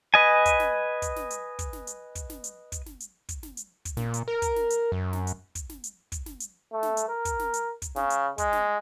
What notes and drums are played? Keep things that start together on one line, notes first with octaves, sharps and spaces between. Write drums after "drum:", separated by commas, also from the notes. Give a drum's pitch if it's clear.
B4 D#5 G#5
drum: kick, hi-hat
drum: snare
drum: kick, hi-hat
drum: snare
drum: hi-hat
drum: kick, hi-hat
drum: snare
drum: hi-hat
drum: kick, hi-hat
drum: snare
drum: hi-hat
drum: kick, hi-hat
drum: snare
drum: hi-hat
drum: kick, hi-hat
drum: snare
drum: hi-hat
drum: kick, hi-hat
A#2, drum: snare
drum: hi-hat
A#4
drum: kick, hi-hat
drum: snare
drum: hi-hat
F#2
drum: snare
drum: hi-hat
drum: kick, hi-hat
drum: snare
drum: hi-hat
drum: kick, hi-hat
drum: snare
drum: hi-hat
A3
drum: snare
drum: hi-hat
A#4
drum: kick, hi-hat
drum: snare
drum: hi-hat
drum: kick, hi-hat
C#3, drum: snare
drum: hi-hat
G#3, drum: kick, hi-hat
drum: snare